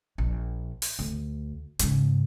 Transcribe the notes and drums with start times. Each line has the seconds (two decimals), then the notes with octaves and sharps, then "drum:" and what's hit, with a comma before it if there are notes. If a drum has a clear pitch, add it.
0.18 A#1
0.82 drum: open hi-hat
0.99 D2
1.79 G#2 C#3, drum: hi-hat